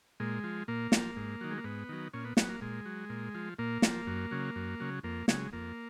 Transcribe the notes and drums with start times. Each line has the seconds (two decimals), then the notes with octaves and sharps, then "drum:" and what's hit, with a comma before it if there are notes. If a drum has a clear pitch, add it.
0.20 A#2 G#3
0.44 F3
0.68 A#2 A#3
0.92 F3, drum: snare
1.16 G#2
1.41 D#3 F#3
1.51 G#3
1.58 A#3
1.64 G#2 B3
1.89 D#3 F#3
2.13 A#2 C#4
2.25 B3
2.37 F#3 B3, drum: snare
2.49 A#3
2.61 A#2 G#3
2.85 F#3
3.10 A#2
3.35 F3
3.59 A#2 A#3
3.82 F3, drum: snare
4.07 F#2
4.31 C#3 F#3
4.56 F#2
4.80 C#3 F#3
5.03 F2 A#3
5.28 C#3 F#3 G#3, drum: snare
5.53 F2 A#3